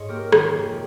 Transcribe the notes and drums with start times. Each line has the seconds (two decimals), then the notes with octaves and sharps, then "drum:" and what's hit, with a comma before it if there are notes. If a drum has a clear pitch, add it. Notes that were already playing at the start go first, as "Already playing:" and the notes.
Already playing: G#2 C#5 D#5
0.09 A#3 G4 A#4
0.32 D#3 G#4, drum: rim click
0.56 F1 G4